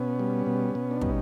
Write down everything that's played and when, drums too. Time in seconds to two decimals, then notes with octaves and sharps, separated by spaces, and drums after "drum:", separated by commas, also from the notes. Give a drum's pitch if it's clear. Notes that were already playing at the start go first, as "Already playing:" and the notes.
Already playing: B2 B3 C#4
0.19 G3
0.46 B2
0.75 B2
0.91 D4
1.01 G3 C#4 D#4, drum: kick